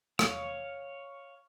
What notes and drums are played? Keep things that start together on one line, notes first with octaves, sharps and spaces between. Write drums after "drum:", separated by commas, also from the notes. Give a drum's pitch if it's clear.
C#5 F5, drum: rim click